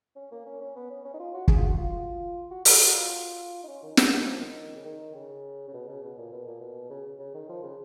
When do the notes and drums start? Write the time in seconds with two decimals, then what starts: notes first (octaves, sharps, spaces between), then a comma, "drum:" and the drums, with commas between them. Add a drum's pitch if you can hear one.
0.16 C#4
0.31 A#3
0.46 C#4
0.61 C#4
0.76 B3
0.90 C#4
1.04 C#4
1.13 D#4
1.20 F4
1.34 F#4
1.48 G#4, drum: kick
1.57 F4
1.63 F#4
1.77 F4
2.51 F#4
2.65 F#4, drum: open hi-hat
2.80 F#4
2.94 F4
3.63 D#4
3.68 C#4
3.83 D#3
3.97 C#3, drum: snare
4.12 D#3
4.25 F3
4.39 D#3
4.76 C#3
4.85 D#3
5.14 C#3
5.68 C#3
5.73 B2
5.88 C#3
6.03 B2
6.17 A#2
6.31 B2
6.47 A#2
6.61 B2
6.90 C#3
7.19 C#3
7.34 D#3
7.49 F3
7.63 C#3